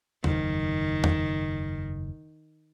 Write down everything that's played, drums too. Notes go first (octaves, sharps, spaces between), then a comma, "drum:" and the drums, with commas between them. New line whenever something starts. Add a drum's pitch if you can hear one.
F#1 E2 D#3, drum: tom E2
drum: tom E2